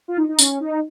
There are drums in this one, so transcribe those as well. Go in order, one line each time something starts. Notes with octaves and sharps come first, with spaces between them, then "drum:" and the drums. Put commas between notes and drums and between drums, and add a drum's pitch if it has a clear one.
F4
D#4
D#4
C#4, drum: tambourine
D#4